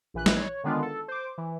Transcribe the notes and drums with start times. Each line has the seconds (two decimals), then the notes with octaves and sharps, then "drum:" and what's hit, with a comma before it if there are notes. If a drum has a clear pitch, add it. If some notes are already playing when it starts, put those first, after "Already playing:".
0.14 A#1 E3 B4 F#6
0.26 drum: snare
0.36 C#5
0.64 D3 D#3 G#3 B3 D4 F4
0.82 A4
1.08 C5 D6
1.38 E3